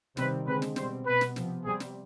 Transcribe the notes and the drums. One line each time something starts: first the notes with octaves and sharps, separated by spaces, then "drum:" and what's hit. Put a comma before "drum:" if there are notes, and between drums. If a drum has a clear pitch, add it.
C3 D#3 G3 C4 B4, drum: snare
D3 G#3 C4 B4
drum: snare
B2 G3 C4 C5, drum: snare
B2 B3 B4
drum: snare
C3 F3 B3, drum: snare
C3 G3 C4 G#4
drum: snare